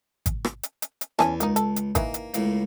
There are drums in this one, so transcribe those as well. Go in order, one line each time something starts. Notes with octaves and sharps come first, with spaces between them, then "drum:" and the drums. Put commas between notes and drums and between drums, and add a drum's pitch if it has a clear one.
drum: kick G#1, hi-hat
drum: rim click
drum: hi-hat
drum: hi-hat
drum: hi-hat
E2 C#4 G#5 A5, drum: rim click
C#2 A#3 D#4, drum: hi-hat
A4, drum: hi-hat
drum: hi-hat
D#3 E3 A#3, drum: kick G#1, hi-hat
drum: hi-hat
C#2 A2 A#3, drum: hi-hat